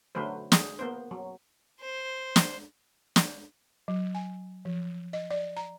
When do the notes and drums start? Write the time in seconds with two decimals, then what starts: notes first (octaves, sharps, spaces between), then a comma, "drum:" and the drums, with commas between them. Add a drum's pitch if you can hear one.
0.15 D3 F#3 A3 B4 C5
0.52 G#4, drum: snare
0.79 A#3 B3 C5
1.11 F#3
1.80 C5
2.36 drum: snare
3.16 drum: snare
3.88 F#3
4.15 G#5
4.65 F3
5.13 D#5
5.31 D5
5.57 A#5